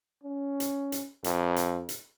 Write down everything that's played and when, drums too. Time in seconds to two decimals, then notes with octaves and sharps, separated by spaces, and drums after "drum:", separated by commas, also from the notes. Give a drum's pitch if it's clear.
0.23 C#4
0.60 drum: hi-hat
0.92 drum: hi-hat
1.24 F2, drum: hi-hat
1.56 drum: hi-hat
1.89 drum: hi-hat